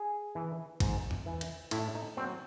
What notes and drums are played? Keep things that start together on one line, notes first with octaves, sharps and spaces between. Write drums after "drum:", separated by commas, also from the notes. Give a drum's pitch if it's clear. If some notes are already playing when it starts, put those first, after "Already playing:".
Already playing: G#4
E3
G#2, drum: kick A1, cymbal
drum: tom E2
E3
drum: cymbal
A2 E4, drum: cymbal
D#4
F#3 C4